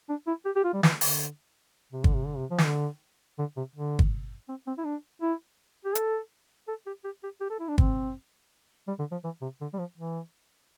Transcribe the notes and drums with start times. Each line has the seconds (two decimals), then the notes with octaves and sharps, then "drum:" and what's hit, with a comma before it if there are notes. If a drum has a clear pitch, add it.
0.09 D4
0.27 E4
0.45 G4
0.56 G4
0.64 F4
0.74 G3
0.83 E3, drum: snare
1.01 D3, drum: open hi-hat
1.93 C3
2.04 D3, drum: kick
2.15 C3
2.26 D3
2.37 C3
2.51 F3
2.58 E3, drum: snare
2.65 D3
3.39 D3
3.57 C3
3.75 D3
3.99 drum: kick
4.49 C4
4.67 C4
4.78 E4
4.84 D4
5.22 E4
5.85 G4
5.95 A4, drum: hi-hat
6.68 A4
6.86 G4
7.04 G4
7.23 G4
7.41 G4
7.50 A4
7.60 E4
7.68 D4
7.78 C4, drum: kick
8.88 G3
8.99 D3
9.11 F3
9.24 E3
9.42 C3
9.61 D3
9.74 G3
9.79 F3
9.98 E3